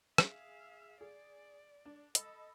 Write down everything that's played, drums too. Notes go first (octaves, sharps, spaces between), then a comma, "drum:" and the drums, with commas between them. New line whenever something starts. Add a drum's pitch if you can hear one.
G#4 E5 F5, drum: rim click
G#4 D5
D4
A4 D#5 B5 E6, drum: hi-hat